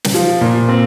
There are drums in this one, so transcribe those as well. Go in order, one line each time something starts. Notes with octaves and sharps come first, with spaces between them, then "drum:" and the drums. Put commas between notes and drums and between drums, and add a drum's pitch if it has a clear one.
drum: snare
F3
A#2
C4